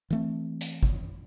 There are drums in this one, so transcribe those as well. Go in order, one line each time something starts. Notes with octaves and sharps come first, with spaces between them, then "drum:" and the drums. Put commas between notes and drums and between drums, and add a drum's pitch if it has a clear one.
E3 A3 C4
drum: hi-hat
drum: kick